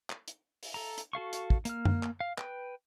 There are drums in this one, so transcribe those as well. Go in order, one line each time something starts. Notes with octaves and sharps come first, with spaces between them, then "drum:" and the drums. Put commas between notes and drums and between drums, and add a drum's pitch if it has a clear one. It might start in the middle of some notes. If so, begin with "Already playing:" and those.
drum: clap
drum: hi-hat
drum: open hi-hat
A4 A#5
drum: hi-hat
F#4 A4 F5 C#6
drum: hi-hat
drum: kick
A#3 F6, drum: hi-hat
drum: tom F#2
drum: clap
F5
B4 G5, drum: clap